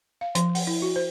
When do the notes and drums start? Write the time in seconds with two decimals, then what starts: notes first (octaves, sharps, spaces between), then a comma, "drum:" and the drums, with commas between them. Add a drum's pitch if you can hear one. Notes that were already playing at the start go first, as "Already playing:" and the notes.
0.21 F5
0.35 F3, drum: hi-hat
0.55 F#5, drum: open hi-hat
0.67 E4
0.82 F#4
0.96 C5